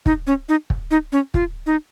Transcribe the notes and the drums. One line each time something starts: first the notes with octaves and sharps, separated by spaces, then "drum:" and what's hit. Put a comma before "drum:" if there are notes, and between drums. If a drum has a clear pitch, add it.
D#4, drum: kick
C#4
D#4
drum: kick
D#4
C#4
F4, drum: kick
D#4